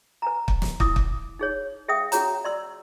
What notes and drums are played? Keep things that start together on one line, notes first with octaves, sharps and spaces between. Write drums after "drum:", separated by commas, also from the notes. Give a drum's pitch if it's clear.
B4 G#5 A#5
drum: kick
drum: snare
E4 D6 D#6, drum: kick
drum: kick
D#4 G#4 C#5
G#4 E5 F5 G5 D#6
C#4 F#4 G#4 C#5 A#5, drum: hi-hat
D5 C6 E6